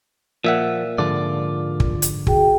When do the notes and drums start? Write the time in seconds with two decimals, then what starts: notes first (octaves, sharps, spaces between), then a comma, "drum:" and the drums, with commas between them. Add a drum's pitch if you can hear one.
0.44 A#2 F3 E5 F#5
0.98 G#2 D3 F3 F4 D5
1.80 drum: kick
2.02 drum: hi-hat
2.27 F#4 G#4 G5, drum: kick